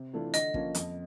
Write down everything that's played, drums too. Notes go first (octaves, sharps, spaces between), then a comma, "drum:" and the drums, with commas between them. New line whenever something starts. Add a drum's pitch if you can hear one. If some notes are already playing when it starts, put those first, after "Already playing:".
Already playing: C3
E3 A3 D4 F4
D3 D#5, drum: hi-hat
F3 A#3 C#4 F4, drum: kick
F2, drum: hi-hat